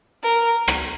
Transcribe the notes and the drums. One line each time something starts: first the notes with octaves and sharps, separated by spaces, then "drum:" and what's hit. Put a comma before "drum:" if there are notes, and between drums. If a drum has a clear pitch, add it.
A#4
drum: rim click